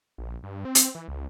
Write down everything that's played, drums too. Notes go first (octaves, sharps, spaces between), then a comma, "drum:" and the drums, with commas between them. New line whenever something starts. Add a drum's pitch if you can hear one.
A#1
G2
C4
drum: hi-hat
E3
C#2